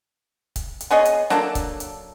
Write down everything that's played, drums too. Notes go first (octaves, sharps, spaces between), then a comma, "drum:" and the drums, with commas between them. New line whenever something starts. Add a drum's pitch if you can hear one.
drum: kick C#1, hi-hat
drum: hi-hat
B3 G#4 C#5 D#5
drum: hi-hat
F#3 A#3 D4 A4, drum: snare
drum: kick C#1, hi-hat
drum: hi-hat